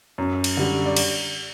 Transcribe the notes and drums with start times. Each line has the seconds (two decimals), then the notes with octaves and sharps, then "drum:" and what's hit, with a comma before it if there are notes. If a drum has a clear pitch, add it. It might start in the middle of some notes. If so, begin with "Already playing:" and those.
0.18 F#2
0.44 drum: cymbal
0.57 D3 G3
0.86 D5
0.97 drum: cymbal